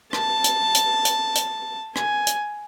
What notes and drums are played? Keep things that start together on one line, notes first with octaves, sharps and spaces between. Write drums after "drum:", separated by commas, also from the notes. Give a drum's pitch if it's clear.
A5, drum: rim click
drum: hi-hat
drum: hi-hat
drum: hi-hat
drum: hi-hat
G#5, drum: rim click
drum: hi-hat